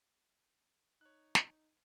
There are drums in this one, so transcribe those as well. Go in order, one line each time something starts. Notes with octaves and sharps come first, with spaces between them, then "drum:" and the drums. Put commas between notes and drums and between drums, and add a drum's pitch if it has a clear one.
D#4 C#5 F#6
drum: snare